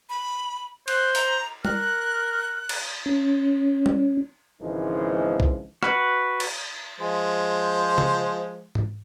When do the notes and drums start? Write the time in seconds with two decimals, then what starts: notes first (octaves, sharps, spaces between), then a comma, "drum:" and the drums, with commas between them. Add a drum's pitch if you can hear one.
0.09 B5
0.88 C5 F#6, drum: cymbal
1.15 A#5, drum: open hi-hat
1.65 A#4 F#6, drum: tom G3
2.69 drum: cymbal
3.06 C#4
3.86 drum: tom G3
4.60 G#1 C#3 E3 F3 G#3 D#4
5.40 drum: kick
5.83 F#4 B4, drum: rim click
6.40 drum: cymbal
7.00 F3 G#3 C5
7.98 drum: tom C#3
8.75 drum: tom G#2